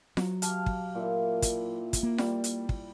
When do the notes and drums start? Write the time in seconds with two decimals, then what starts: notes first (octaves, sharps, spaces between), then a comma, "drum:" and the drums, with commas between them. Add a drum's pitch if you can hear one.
0.17 F#3, drum: snare F4
0.42 G4 F5 A5, drum: hi-hat
0.66 drum: kick
0.95 A#2 E4
1.42 drum: kick, hi-hat
1.93 drum: kick, hi-hat
2.03 A#3
2.18 G3, drum: snare F4
2.44 drum: hi-hat
2.69 drum: kick